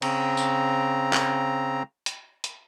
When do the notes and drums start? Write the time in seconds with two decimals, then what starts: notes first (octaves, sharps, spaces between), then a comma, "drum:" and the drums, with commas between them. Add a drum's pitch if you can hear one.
0.02 C#3 C4 A#5, drum: cymbal
0.37 drum: tambourine
1.13 drum: clap
2.06 drum: hi-hat
2.44 drum: hi-hat